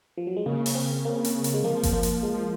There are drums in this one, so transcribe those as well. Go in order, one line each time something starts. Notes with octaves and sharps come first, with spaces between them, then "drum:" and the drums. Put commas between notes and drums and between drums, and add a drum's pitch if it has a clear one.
F3
F#3
G#3
C#3 A#3
drum: open hi-hat
C4
A#3
drum: hi-hat
drum: hi-hat
G#3
F3 A#3
drum: kick G1, hi-hat
A#3
drum: hi-hat
G#3